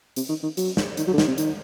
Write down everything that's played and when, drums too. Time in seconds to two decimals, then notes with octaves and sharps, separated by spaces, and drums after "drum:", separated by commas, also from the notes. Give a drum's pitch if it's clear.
0.16 C3, drum: hi-hat
0.29 D#3
0.43 D#3
0.57 F#3, drum: hi-hat
0.77 drum: snare
0.97 D#3, drum: hi-hat
1.07 F#3
1.14 D3
1.18 D#3, drum: snare
1.27 C3
1.38 D#3, drum: hi-hat